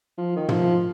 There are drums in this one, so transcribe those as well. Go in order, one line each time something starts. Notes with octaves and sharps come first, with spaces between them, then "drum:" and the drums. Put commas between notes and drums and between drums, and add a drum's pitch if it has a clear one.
F3
D#3
F3, drum: tom